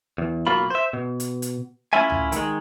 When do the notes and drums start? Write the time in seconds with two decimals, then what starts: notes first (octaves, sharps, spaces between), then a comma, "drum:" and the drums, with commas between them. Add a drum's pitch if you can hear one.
0.18 E2
0.47 B1 F#3 A#3 F4 B5
0.70 C5 E5
0.93 B2
1.20 drum: hi-hat
1.42 drum: hi-hat
1.93 A3 C#4 E4 F4 E5 G#5
2.10 drum: tom
2.32 D#3 G#3, drum: hi-hat